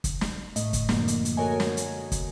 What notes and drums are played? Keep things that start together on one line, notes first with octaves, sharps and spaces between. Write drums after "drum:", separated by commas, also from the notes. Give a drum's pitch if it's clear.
drum: kick, hi-hat
drum: snare
A2 A3 D#5, drum: hi-hat
drum: kick, hi-hat
F#2 D3 F3 A#3, drum: snare
drum: hi-hat
drum: hi-hat
F#4 A4 A#4 C#5 D#5 G#5
drum: snare
drum: hi-hat
drum: kick, hi-hat